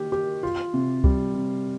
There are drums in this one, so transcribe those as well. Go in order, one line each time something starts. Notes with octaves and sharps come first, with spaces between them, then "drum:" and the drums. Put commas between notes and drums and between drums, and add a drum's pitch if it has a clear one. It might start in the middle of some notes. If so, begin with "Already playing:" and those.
Already playing: D#3 A#3 G4
G4
F4
C3
G3, drum: kick
C3